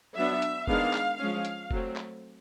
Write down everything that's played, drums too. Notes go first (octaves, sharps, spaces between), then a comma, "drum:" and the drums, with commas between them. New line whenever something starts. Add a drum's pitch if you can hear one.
F#3 B3 D4 E5
drum: hi-hat
D#3 G#3 B3 D4 F5, drum: kick F1
drum: clap
F3 G#3 C#4 F5
drum: hi-hat
F#3 A3 C4, drum: kick F1
drum: clap